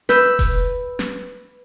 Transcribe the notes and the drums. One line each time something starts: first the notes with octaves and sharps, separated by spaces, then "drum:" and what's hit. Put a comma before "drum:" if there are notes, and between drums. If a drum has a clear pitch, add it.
B4 E6 G6, drum: snare
drum: kick E1, open hi-hat
drum: snare